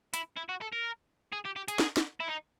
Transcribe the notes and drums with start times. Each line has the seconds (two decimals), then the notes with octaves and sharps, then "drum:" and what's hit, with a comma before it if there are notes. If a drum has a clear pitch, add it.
0.14 E4, drum: hi-hat
0.36 E4
0.49 F#4
0.61 A4
0.72 A#4
1.32 G#4
1.45 G4
1.56 G4
1.68 G#4, drum: hi-hat
1.79 drum: snare
1.97 drum: snare
2.20 E4
2.28 D#4